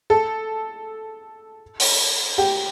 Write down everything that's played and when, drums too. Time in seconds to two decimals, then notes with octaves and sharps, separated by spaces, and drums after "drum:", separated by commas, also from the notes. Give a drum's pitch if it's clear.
0.10 A4
1.80 drum: open hi-hat
2.38 G4